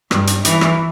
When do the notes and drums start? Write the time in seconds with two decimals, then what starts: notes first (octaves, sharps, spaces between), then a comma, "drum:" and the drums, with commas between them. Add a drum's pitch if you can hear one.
0.11 G2, drum: rim click
0.27 drum: hi-hat
0.45 E3, drum: hi-hat
0.61 drum: rim click